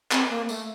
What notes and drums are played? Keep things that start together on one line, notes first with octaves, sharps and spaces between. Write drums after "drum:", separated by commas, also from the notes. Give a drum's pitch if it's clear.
C4, drum: clap
A#3
A3, drum: tambourine